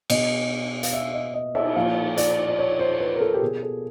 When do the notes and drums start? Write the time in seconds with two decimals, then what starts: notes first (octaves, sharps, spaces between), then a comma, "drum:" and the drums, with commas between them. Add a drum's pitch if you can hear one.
0.10 B2 D#5, drum: cymbal
0.83 F5, drum: hi-hat
0.93 E5
1.13 D#5
1.34 D#5
1.55 E5, drum: cymbal
1.76 A#2 F3 F5
2.17 D5, drum: hi-hat
2.48 D5
2.59 C#5
2.79 C5
3.00 B4
3.16 A#4
3.21 A4
3.34 G4
3.42 B2 G#4
3.63 A4